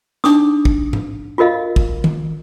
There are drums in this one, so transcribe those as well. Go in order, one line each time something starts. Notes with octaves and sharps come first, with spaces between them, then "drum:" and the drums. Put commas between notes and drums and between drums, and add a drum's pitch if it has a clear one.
D4 D#4 D6 D#6, drum: snare
drum: kick
drum: tom G#2
F4 F#4 A#4 D#5 F5
drum: kick
drum: tom D#3